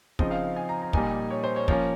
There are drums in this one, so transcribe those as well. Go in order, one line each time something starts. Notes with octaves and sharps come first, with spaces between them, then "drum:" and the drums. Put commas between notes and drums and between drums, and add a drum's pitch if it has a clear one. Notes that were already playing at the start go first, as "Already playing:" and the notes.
C#3 F3 C4 D#4 D#5, drum: kick
F5
F5
G#5
A#5
A#5
A#2 G3 A#3 D#4 G#5, drum: kick
C#5
C5
C#5
F3 A#3 C#4 C#5, drum: kick